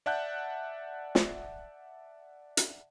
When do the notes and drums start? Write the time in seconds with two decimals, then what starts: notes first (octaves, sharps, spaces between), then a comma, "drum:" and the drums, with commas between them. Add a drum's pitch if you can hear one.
0.06 D5 E5 F#5 A5 F#6 G6
1.15 drum: snare
2.57 drum: hi-hat